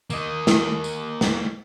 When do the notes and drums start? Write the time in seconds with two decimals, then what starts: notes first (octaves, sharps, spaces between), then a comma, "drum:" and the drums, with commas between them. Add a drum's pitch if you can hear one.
0.10 A#3 D#5, drum: tambourine
0.47 drum: snare
0.84 drum: tambourine
1.21 drum: snare